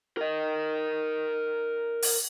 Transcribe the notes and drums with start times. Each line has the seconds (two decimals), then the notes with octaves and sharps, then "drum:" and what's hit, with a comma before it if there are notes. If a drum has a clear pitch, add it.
0.17 A#4 D#5
2.03 drum: open hi-hat